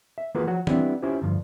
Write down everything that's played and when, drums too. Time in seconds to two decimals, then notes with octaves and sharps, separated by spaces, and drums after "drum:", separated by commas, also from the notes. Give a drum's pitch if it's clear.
0.18 E5
0.35 E3 A#3 F4 F#4 G#4 B4
0.47 F3 F#4 C#5 F#5
0.67 G3 B3 C4 D4 E4, drum: tom E3
1.03 C#4 E4 F4 G4 C5
1.22 D2 G2 F3